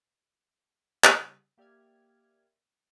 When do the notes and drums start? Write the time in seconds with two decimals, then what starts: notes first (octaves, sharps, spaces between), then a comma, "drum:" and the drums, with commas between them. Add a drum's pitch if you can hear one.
1.04 C#3 G3, drum: clap
1.58 A#3 G4 D5 E5 F6 G#6